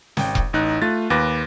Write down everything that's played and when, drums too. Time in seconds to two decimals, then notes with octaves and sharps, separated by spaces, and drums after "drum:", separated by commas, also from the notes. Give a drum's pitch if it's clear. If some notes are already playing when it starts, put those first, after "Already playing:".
0.17 G#1 G5, drum: snare
0.35 drum: kick E1
0.53 A1 D#4 F#6
0.82 A3 F4 A6
1.10 D#2 B4 D6 A6 A#6